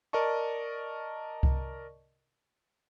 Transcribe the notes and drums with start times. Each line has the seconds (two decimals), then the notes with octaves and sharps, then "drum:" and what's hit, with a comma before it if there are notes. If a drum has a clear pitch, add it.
0.13 A#4 D5 D#5 A5 C#6
1.43 drum: kick C2